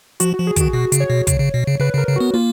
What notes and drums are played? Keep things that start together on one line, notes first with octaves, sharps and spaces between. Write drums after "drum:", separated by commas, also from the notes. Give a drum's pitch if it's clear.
F3 F#4, drum: hi-hat
F3 F#4
G#4
D#3 F#4, drum: kick, hi-hat
B2 F#4
C#3, drum: hi-hat
C#5
B2
C#3, drum: kick, hi-hat
C#3
B2
C#3
C#3 B4
C#3 A#4
C#3
B3 F#4
A#3 F4